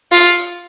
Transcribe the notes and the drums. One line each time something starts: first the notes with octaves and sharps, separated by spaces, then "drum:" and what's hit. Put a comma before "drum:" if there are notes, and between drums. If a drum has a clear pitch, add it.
F4, drum: open hi-hat